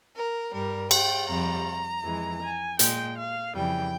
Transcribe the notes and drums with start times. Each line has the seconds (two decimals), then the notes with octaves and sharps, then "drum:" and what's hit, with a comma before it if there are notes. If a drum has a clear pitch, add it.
0.15 A#4
0.53 G2 G3 A#4
0.91 G5, drum: cymbal
1.28 F2 C3 G3 A#5
2.04 F2 E3 G#3
2.42 G#5
2.79 A#2 G#3 G5, drum: hi-hat
3.17 F5
3.55 F2 C#3 E3 G3 G5